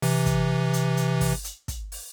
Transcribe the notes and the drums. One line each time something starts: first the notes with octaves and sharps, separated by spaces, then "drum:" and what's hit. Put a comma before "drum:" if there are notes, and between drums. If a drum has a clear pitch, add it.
C3 E3, drum: open hi-hat
drum: kick, hi-hat
drum: hi-hat
drum: hi-hat
drum: kick, open hi-hat
drum: hi-hat
drum: kick, hi-hat
drum: open hi-hat